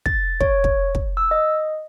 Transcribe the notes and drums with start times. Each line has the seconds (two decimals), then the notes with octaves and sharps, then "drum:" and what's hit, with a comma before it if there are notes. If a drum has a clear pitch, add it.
0.06 A6, drum: kick
0.41 C#5, drum: kick
0.64 drum: kick
0.95 drum: kick
1.17 E6
1.31 D#5